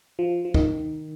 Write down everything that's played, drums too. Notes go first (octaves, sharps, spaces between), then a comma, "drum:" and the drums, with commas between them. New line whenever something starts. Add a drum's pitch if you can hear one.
F3
F3
D#3, drum: kick